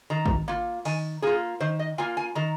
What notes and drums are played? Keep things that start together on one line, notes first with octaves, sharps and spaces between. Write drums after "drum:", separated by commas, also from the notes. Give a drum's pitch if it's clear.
D#3 A#5
drum: kick G#1
A#3 F4
D#3 G#5, drum: open hi-hat
A#3 F4 G#4
D#3 C5
D#5
A#3 F4 G#5
G#5
D#3 A#5